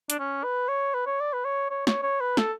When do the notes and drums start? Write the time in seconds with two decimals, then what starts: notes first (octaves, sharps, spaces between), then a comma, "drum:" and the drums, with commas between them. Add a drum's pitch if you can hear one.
0.10 D4, drum: hi-hat
0.19 C#4
0.44 B4
0.69 C#5
0.94 B4
1.06 C#5
1.20 D5
1.33 B4
1.45 C#5
1.70 C#5
1.87 C#5, drum: snare
2.03 C#5
2.21 B4
2.37 A4, drum: snare